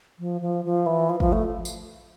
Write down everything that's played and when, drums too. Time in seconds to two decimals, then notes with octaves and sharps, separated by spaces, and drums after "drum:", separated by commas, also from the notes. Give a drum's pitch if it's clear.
0.19 F3
0.41 F3
0.65 F3
0.86 E3
1.09 F3
1.20 F3, drum: kick
1.33 A3
1.65 drum: tambourine